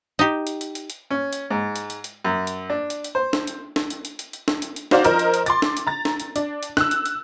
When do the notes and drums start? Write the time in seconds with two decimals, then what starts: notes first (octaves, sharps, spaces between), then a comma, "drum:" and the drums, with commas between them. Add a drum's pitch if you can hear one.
0.19 D#4 G4
0.47 drum: hi-hat
0.61 drum: hi-hat
0.75 drum: hi-hat
0.90 drum: hi-hat
1.11 C#4
1.33 drum: hi-hat
1.50 G#2
1.76 drum: hi-hat
1.90 drum: hi-hat
2.04 drum: hi-hat
2.25 F#2
2.47 drum: hi-hat
2.70 D4
2.90 drum: hi-hat
3.04 drum: hi-hat
3.15 C5
3.33 drum: snare
3.47 drum: hi-hat
3.76 drum: snare
3.90 drum: hi-hat
4.05 drum: hi-hat
4.19 drum: hi-hat
4.33 drum: hi-hat
4.48 drum: snare
4.62 drum: hi-hat
4.76 drum: hi-hat
4.91 D#4 F#4 C5 D5 F5, drum: snare
5.04 F3 A#4 C5 D#5, drum: hi-hat
5.19 drum: hi-hat
5.34 drum: hi-hat
5.46 C6 D6 A6, drum: hi-hat
5.62 drum: snare
5.77 drum: hi-hat
5.87 A#5 A6
6.05 drum: snare
6.20 drum: hi-hat
6.36 D4, drum: hi-hat
6.63 drum: hi-hat
6.77 E6 F#6, drum: snare
6.91 drum: hi-hat
7.06 drum: hi-hat